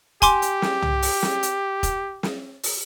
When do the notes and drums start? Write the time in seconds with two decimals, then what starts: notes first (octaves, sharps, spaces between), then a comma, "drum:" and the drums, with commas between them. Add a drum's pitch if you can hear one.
0.22 G4 G#5 C6 D6, drum: kick E1, hi-hat
0.42 drum: hi-hat
0.62 drum: snare
0.82 drum: tom
1.02 drum: open hi-hat
1.23 drum: snare
1.43 drum: hi-hat
1.83 drum: kick E1, hi-hat
2.23 drum: snare
2.63 drum: open hi-hat